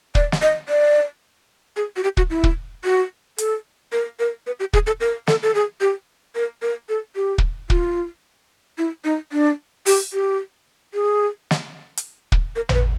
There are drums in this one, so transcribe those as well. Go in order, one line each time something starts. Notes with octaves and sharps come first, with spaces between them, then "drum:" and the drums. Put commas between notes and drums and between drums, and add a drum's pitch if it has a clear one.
D5, drum: kick
drum: snare
D#5
D5
G#4
F#4
G4
F#4, drum: kick
E4
drum: kick
F#4
A4, drum: hi-hat
A#4
A#4
B4
G4
G#4, drum: kick
A4
A#4
A4, drum: snare
A4
G#4
G4
A#4
A#4
A4
G4
drum: kick
F4, drum: kick
E4
D#4
D4
G4, drum: open hi-hat
G4
G#4
drum: snare
drum: hi-hat
drum: kick
A#4
C5, drum: tom
B4